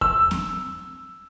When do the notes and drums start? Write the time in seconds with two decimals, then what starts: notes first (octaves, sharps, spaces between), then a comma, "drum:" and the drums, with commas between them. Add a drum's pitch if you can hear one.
0.01 E6, drum: kick E2
0.31 drum: snare C4